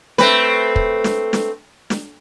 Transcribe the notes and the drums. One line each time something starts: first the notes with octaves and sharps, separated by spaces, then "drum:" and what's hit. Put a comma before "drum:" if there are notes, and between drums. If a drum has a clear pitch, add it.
A3 C4 B4, drum: snare
drum: kick
drum: snare
drum: snare
drum: snare